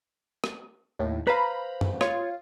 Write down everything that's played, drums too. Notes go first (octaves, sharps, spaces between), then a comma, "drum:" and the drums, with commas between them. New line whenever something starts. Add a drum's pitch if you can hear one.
drum: rim click
D#2 A2
B4 C5 F5 A#5 B5
drum: tom
F4 C#5, drum: rim click